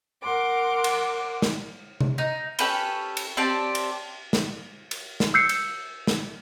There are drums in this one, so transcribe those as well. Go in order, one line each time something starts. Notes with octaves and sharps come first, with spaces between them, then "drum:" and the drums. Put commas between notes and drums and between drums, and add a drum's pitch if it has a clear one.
A#4 F#5 C6 D6
drum: cymbal
drum: snare
drum: tom C3
D#4
C#4 G4 A4 B4, drum: cymbal
drum: cymbal
C4 G4 D5 A5
drum: cymbal
drum: snare
drum: cymbal
drum: snare
E6 G6 C7 C#7
drum: cymbal
drum: snare